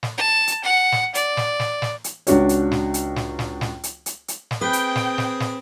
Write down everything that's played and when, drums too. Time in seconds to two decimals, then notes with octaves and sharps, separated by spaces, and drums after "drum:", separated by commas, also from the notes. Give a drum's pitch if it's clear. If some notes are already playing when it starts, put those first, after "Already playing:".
0.03 drum: snare
0.18 A5
0.47 drum: hi-hat
0.64 F#5
0.92 drum: snare
1.15 D5, drum: hi-hat
1.37 drum: snare
1.59 drum: snare
1.82 drum: snare
2.04 drum: hi-hat
2.27 C#2 D4 F#4 C#5, drum: hi-hat
2.49 drum: hi-hat
2.71 drum: snare
2.94 drum: hi-hat
3.16 drum: snare
3.39 drum: snare
3.61 drum: snare
3.83 drum: hi-hat
4.06 drum: hi-hat
4.28 drum: hi-hat
4.51 drum: snare
4.61 C4 G#4 B4 G5
4.73 drum: hi-hat
4.96 drum: snare
5.18 drum: snare
5.40 drum: snare